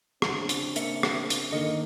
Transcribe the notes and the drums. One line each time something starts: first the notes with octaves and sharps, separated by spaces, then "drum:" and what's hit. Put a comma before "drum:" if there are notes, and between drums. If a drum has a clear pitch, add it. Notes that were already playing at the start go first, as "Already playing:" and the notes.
C#3 C4 D4, drum: rim click
drum: hi-hat
A#3 E5 C#7, drum: hi-hat
drum: rim click
drum: hi-hat
D3 D#3 A#3 D#5 C#7